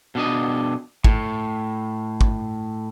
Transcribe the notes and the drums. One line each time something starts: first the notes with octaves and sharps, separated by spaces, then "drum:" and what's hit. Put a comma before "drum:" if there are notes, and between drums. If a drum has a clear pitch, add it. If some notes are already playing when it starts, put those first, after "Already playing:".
B2 D4 D#5
A2, drum: kick
drum: kick